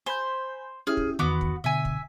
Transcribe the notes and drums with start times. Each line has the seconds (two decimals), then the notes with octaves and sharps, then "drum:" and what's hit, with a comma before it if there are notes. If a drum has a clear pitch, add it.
0.06 C5 G#5 B5 G6
0.87 C#4 E4 G4 G#4 F6
0.97 drum: kick
1.19 E2 D#3 B3 F#4 D6
1.41 drum: kick
1.64 B2 D3 E5 G#5
1.85 drum: kick